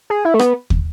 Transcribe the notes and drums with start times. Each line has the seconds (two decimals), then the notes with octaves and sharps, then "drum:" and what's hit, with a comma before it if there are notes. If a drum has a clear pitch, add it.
0.10 G#4
0.25 E4
0.34 A3
0.39 B3, drum: rim click
0.70 drum: kick